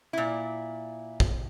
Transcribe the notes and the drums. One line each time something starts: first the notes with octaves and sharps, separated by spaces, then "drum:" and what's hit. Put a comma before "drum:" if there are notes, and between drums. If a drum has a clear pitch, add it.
A#2 E4
drum: kick